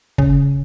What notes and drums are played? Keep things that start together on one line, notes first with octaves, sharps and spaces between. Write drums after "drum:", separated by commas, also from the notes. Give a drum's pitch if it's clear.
C#3, drum: kick